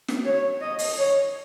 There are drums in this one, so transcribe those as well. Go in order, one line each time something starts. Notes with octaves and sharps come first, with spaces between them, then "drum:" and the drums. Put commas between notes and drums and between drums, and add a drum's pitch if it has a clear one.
drum: snare
C#5
D#5
drum: open hi-hat
C#5